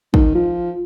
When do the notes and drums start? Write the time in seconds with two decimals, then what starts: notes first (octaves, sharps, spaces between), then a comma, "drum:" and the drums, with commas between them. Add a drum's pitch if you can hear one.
0.14 D#3, drum: kick
0.35 F3